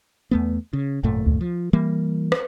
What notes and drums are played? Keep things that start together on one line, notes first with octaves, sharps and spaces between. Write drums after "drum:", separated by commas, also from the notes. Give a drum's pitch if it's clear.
E2 A3 B3
C#3
G#1 F#2 A#2 A3
drum: kick D2
F3
E3 G3 A#3
drum: rim click